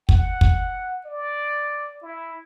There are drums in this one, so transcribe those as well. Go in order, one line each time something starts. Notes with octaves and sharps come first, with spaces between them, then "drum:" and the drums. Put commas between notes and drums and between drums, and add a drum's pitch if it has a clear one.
F#5, drum: kick
drum: kick
D5
E4